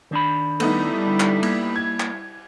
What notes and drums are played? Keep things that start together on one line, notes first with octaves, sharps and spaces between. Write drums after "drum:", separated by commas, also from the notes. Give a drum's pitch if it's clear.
D#3 D4 B5
G3 A3 B3 D#4 E4, drum: cymbal
D3
drum: clap
A#3, drum: cymbal
G#6
drum: clap